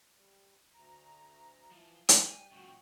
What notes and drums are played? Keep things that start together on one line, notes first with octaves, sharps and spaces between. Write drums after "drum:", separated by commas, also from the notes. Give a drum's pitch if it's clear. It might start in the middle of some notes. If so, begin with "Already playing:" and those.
G3
D2 A#5
E3 F3
G3 G5 G#5, drum: hi-hat
F#2 A#2 F#4 G5